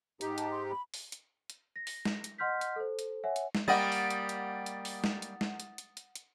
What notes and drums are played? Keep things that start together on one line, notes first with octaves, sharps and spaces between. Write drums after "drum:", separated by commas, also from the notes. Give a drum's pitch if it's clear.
G#2 D#4 G4, drum: hi-hat
A5, drum: hi-hat
C6
B5
drum: open hi-hat
drum: hi-hat
drum: hi-hat
A#6
drum: open hi-hat
drum: snare
drum: hi-hat
D#5 F#5 C6 F6 G6 B6
drum: hi-hat
A4 C5
drum: hi-hat
C#5 E5 F#5 G#5
drum: hi-hat
drum: snare
G3 A#3 D#5 F#5 D#6 A6
drum: open hi-hat
drum: hi-hat
drum: hi-hat
drum: hi-hat
drum: open hi-hat
drum: snare
drum: hi-hat
drum: snare
drum: hi-hat
drum: hi-hat
drum: hi-hat
drum: hi-hat